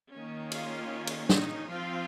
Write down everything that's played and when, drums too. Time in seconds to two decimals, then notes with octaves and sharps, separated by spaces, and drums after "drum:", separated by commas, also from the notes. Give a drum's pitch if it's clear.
0.13 D#3 A#3 C#4
0.52 F4, drum: cymbal
1.07 drum: cymbal
1.29 D#4, drum: snare D4
1.69 F3 C4 F4